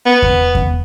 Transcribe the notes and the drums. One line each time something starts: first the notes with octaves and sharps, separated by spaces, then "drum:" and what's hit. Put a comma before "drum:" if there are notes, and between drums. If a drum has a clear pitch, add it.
B3
drum: kick E2
drum: kick E2